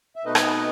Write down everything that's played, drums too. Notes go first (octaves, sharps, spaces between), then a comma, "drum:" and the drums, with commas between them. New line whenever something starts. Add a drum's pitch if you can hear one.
E5
B2 A3 C4 D#4 B4 D#5
drum: rim click